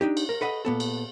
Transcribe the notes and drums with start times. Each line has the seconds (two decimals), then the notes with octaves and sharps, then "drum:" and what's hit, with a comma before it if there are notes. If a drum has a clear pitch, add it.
0.01 D4 D#4 G4
0.17 drum: cymbal
0.29 A#4
0.41 A4 B4 D#5 F#5
0.65 A#2 B3 A4
0.80 drum: cymbal